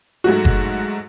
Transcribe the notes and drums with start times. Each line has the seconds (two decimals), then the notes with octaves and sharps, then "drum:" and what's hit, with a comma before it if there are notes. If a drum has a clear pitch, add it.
0.24 G#2 F#3 A3 F#4
0.45 drum: kick F#1